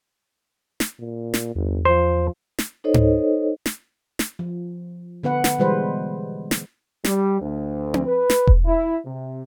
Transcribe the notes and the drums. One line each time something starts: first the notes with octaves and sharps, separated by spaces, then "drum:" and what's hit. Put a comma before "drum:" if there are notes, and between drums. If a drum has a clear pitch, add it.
drum: snare
A#2
drum: snare
G1 E2
F3 C5
drum: snare
D#4 A4 C5 C#5 D#5
drum: tom G#2
drum: snare
drum: snare
F3
D3 B3 B4 F#5
drum: snare
B2 E3 G3 G#3 B4 C5
drum: snare
G3, drum: snare
D2
drum: tom C4
B4
drum: snare
drum: kick E1
E4
C3